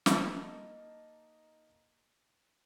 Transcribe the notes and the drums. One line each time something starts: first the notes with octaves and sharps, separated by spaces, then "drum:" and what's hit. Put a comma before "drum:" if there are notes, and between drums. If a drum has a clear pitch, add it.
A#3 D#4 D#5 A5, drum: snare